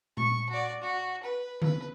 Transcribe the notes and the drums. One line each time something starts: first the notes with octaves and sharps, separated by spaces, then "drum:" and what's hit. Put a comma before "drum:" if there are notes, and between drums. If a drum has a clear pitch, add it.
C#6, drum: tom A#2
F#4 D5
F#4
B4
B4, drum: tom D3